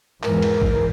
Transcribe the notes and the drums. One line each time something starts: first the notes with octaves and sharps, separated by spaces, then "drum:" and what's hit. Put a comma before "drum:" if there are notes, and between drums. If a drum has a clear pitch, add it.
E2 G#2 E3 A#4, drum: clap
drum: cymbal
drum: kick A1